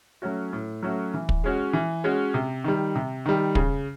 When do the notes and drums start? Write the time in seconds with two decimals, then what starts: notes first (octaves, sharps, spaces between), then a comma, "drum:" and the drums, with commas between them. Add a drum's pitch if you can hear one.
0.22 F#3 A3 C#4 F#4
0.53 A2
0.83 F#3 A3 C#4 F#4
1.14 E3
1.29 drum: kick
1.44 G#3 C#4 F#4
1.73 E3
2.04 G#3 C#4 F#4
2.34 C3
2.64 D#3 G3
2.95 C3
3.26 D#3 G3
3.55 C#3, drum: kick